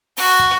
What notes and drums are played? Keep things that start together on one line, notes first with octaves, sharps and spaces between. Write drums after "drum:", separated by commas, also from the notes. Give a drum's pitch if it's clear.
F#4, drum: open hi-hat
drum: kick